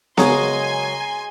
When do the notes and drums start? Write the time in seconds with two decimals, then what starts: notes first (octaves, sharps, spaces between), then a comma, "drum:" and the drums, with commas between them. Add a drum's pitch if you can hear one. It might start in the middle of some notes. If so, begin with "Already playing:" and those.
0.18 F#2 C#3 G#3 G#4 D#5 G#5 A#5 C6, drum: snare B3